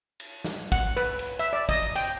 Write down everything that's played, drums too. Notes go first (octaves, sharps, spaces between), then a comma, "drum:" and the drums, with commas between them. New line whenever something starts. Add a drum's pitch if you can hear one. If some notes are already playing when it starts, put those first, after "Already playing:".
drum: cymbal
drum: snare
F#5, drum: kick, cymbal
B4, drum: cymbal
drum: cymbal
E5
D5
D#5, drum: kick, cymbal
G5, drum: cymbal